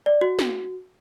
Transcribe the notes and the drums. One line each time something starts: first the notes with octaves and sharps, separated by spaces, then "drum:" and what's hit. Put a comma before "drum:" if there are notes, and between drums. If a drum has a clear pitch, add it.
D5
F#4
drum: snare